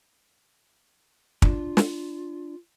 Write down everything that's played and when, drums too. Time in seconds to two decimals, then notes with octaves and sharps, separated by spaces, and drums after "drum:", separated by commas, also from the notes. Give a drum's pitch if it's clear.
1.42 D4 F4, drum: kick
1.77 drum: snare